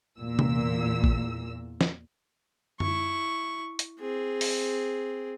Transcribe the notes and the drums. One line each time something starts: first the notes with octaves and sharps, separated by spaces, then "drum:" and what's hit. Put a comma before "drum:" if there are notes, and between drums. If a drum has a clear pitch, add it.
E2 A#2 E6
drum: tom C3
drum: kick
drum: snare
E4 C#6, drum: tom F#2
drum: hi-hat
C4 G#4
drum: open hi-hat